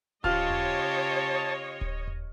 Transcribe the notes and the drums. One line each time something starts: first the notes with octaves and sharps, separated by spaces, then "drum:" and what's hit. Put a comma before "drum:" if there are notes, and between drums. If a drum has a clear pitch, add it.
C#3 F4 G4 C5 C#5 D#5 A5 F6, drum: kick D1
drum: tom D#2
drum: kick D1
drum: tom D#2